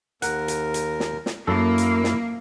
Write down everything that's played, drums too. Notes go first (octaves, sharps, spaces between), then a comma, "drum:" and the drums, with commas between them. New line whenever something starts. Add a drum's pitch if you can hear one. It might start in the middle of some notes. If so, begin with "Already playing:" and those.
D#2 A#4 F#5, drum: hi-hat
drum: hi-hat
drum: hi-hat
drum: snare
drum: snare
F#2 A#3 E4 A4
drum: hi-hat
drum: snare